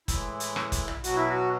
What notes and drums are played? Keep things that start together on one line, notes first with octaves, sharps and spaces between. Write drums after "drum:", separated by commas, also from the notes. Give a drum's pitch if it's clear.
A2 E3 G#3 E4, drum: kick, hi-hat
drum: hi-hat
drum: rim click
drum: kick, hi-hat
drum: tom
B2 F#3 F#4, drum: hi-hat
E4
F#4